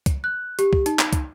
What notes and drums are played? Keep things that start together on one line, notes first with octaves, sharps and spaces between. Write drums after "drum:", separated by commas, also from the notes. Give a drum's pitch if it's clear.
drum: kick, hi-hat
F#6
G4, drum: hi-hat
drum: kick
D#4, drum: hi-hat
drum: clap
drum: kick, hi-hat